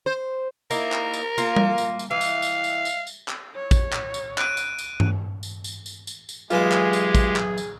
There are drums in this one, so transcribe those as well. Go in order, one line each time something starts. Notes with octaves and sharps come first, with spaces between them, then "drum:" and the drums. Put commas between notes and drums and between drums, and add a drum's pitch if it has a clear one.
C5
A#3 D#4 E4 A#4, drum: tambourine
drum: clap
drum: tambourine
A#3 F4, drum: tambourine
drum: tom G3
drum: tambourine
drum: tambourine
E3 F5
drum: tambourine
drum: tambourine
drum: tambourine
drum: tambourine
drum: tambourine
drum: clap
C#5
drum: kick A1, tambourine
drum: clap
drum: tambourine
F#6 D7 D#7, drum: clap
drum: tambourine
drum: tambourine
drum: tom G2
drum: tambourine
drum: tambourine
drum: tambourine
drum: tambourine
drum: tambourine
B1 E3 G#3 F4 G4 G#4 D6, drum: tambourine
drum: clap
drum: tambourine
drum: kick A1, tambourine
drum: clap
drum: tambourine